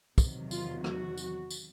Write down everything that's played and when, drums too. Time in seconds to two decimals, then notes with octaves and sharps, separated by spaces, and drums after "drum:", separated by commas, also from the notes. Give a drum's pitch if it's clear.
0.18 E2 C3 D#3 F#3, drum: kick, tambourine
0.51 F4, drum: tambourine
0.84 F#4, drum: rim click
1.17 drum: tambourine
1.51 drum: tambourine